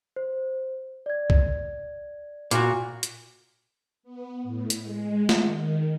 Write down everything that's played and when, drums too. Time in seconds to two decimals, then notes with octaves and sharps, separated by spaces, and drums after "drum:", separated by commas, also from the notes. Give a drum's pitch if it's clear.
0.16 C5
1.06 D5 G#6
1.30 drum: kick
2.51 A#2 F#4 D6, drum: hi-hat
3.03 drum: hi-hat
4.03 B3
4.43 A2
4.70 drum: hi-hat
4.80 G#3
5.29 drum: snare
5.41 D#3